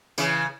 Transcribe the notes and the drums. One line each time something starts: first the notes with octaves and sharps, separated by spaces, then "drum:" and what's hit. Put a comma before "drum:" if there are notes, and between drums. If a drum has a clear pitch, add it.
C#3 E3, drum: tambourine